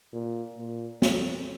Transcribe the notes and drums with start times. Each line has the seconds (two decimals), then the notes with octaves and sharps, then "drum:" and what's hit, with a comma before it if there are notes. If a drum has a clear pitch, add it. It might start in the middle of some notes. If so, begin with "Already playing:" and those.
0.13 A#2
0.58 A#2
1.02 F2, drum: snare